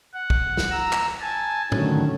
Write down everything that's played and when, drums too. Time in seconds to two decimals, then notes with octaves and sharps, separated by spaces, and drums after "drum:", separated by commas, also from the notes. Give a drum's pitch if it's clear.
0.14 F#5
0.30 drum: kick
0.57 drum: snare
0.71 A#5 E6
0.92 drum: clap
1.21 G#5 A5
1.72 D3 D#3 F#3 A3 C#4, drum: tom G#2